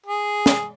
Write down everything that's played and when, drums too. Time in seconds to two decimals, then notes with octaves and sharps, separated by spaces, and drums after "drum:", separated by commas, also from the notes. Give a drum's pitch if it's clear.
0.06 G#4
0.46 drum: snare